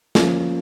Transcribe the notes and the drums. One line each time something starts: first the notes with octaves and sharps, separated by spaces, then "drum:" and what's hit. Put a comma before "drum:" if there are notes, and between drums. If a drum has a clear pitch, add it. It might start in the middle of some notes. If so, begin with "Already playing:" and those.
F3 A#3 C#4, drum: snare